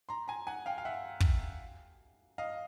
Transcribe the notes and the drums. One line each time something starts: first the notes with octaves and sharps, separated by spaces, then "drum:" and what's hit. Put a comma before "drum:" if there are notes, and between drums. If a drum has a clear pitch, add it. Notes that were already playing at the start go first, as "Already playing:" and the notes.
A#5 C6
G#5 A#5
F#5 G#5
F5 G5
F5
E5 F#5
drum: kick
D#5 F5